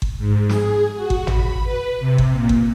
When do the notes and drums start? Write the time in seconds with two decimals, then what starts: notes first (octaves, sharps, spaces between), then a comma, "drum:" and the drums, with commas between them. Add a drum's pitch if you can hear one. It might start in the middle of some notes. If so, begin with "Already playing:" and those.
0.02 drum: kick G1
0.18 G#2
0.49 G#4, drum: snare
0.95 F#4
1.10 drum: kick G1
1.27 B5, drum: tom G#1
1.63 B4
2.00 C3
2.18 drum: kick G1
2.31 A#2
2.49 drum: kick G1